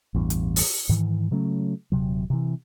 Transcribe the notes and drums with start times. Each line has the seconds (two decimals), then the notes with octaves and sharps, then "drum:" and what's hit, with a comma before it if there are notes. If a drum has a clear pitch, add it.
0.15 A1 E2 G2
0.30 drum: hi-hat
0.56 drum: open hi-hat
0.89 G#2 D#3 E3
1.31 C#3 F#3 A3 C#4
1.92 D#1 C3 F#3
2.30 C3 E3